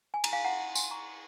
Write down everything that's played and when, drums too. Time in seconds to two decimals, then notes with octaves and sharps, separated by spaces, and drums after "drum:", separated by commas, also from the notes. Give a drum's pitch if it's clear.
0.14 G#5
0.24 A#5, drum: cymbal
0.33 F5 G#5
0.45 C#4 F4 G#4 F#5 A#5
0.60 F#5 A#5
0.75 G#5 C6, drum: tambourine
0.91 A#5 C#6